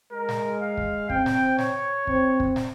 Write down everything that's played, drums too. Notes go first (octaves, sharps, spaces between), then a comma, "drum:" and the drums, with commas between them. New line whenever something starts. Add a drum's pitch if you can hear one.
G#3 A#4
drum: snare
F5
drum: kick
C4 G5, drum: kick
drum: snare
C#5, drum: snare
C4, drum: kick
drum: kick
drum: snare